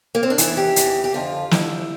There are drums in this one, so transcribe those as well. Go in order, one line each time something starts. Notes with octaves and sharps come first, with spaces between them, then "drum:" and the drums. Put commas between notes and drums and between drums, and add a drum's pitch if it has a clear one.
A#3
C4
D4
E2 E3 E4, drum: hi-hat
G4
E2 E3, drum: hi-hat
G4
F2 D3 F3 F4
F2 D3 F3 E4, drum: snare